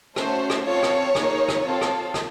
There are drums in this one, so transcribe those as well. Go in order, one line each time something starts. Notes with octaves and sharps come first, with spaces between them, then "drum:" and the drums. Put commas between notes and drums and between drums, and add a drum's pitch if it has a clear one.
A3 C#4 F#4 A4 C5, drum: rim click
drum: rim click
C4 F4 A4 C#5
drum: rim click
A#3 D#4 G#4, drum: rim click
drum: rim click
C4 F4 A4
drum: rim click
drum: rim click